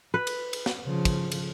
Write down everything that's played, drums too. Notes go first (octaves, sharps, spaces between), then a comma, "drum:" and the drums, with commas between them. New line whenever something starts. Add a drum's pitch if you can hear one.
B4
drum: cymbal
drum: cymbal
drum: snare
C#3 F3
drum: kick, cymbal
drum: cymbal